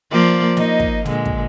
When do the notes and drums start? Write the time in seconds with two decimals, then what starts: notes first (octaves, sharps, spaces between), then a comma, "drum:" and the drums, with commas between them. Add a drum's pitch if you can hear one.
0.11 F3 A#3 D5
0.57 A#3 D#4 D#5, drum: snare
0.80 drum: kick
1.05 A#2 D3 G#3, drum: snare
1.25 drum: kick